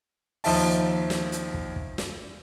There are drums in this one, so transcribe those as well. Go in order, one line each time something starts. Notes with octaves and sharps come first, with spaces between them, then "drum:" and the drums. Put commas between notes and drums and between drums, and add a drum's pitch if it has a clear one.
D#2 F3 D#4 E5 A5, drum: open hi-hat
drum: snare
drum: hi-hat
drum: kick
drum: kick
drum: snare